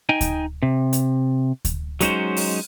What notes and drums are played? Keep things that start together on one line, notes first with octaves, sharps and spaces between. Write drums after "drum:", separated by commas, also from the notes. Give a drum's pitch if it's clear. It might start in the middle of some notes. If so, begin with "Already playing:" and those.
D#4 D#5 G5 G#5
drum: kick D2, hi-hat
C3
drum: hi-hat
drum: kick D2, hi-hat
F#3 G#3 C#4 D#4 F#4 C5, drum: hi-hat
drum: open hi-hat